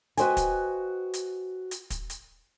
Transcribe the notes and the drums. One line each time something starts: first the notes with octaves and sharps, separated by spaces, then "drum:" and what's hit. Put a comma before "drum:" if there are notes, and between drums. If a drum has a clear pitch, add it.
F#4 B4 C5 D#5 G5 G#5, drum: hi-hat
drum: kick, hi-hat
drum: hi-hat
drum: hi-hat
drum: kick, hi-hat
drum: hi-hat